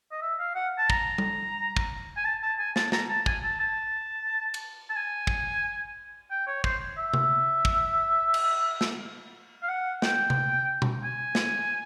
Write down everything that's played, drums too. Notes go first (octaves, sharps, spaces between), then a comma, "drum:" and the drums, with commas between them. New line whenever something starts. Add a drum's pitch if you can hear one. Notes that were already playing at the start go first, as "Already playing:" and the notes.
D#5
E5
F5
F#5
A5
A#5, drum: kick
drum: tom G3
drum: kick
G#5
A5
A5
G#5
A5, drum: snare
A#5, drum: snare
A5
G#5, drum: kick
A5
A5
drum: cymbal
A5
G#5
drum: kick
G5
C#5
C5, drum: kick
E5
drum: tom C3
drum: kick
drum: cymbal
drum: snare
F5
F#5
G5, drum: snare
drum: tom C3
drum: tom B2
G#5
drum: snare